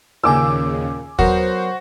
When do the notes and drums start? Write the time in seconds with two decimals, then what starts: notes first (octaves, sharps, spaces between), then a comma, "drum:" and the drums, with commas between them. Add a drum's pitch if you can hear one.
0.24 D#2 A#2 C#3 G5 G#5 D6 E6
1.19 F#3 B3 F#4 A#4 C5, drum: kick D#2